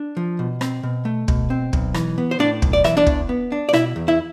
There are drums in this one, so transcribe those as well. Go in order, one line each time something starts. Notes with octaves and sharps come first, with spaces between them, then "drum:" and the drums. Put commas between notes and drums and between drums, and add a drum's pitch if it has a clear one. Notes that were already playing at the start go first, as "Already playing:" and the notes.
Already playing: D4
F3
B2
C4, drum: rim click
B2
A3
B2, drum: kick
C4
B1, drum: kick
E3, drum: rim click
B3
C5
A2 D4 D5
B1, drum: kick
D5
E3 E5, drum: rim click
D4 D5
E2, drum: kick
B3
D4
D5
B2 E4 E5, drum: rim click
E2
E4 E5